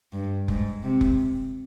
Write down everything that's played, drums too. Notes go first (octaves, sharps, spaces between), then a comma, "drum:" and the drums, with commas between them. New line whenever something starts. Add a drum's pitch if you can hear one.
G2
G#2, drum: kick F1
C3
drum: kick F1